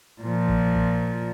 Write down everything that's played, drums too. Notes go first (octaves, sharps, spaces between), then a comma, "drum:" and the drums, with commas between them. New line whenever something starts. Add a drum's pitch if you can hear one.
A#2 F3
drum: kick A1
drum: kick A1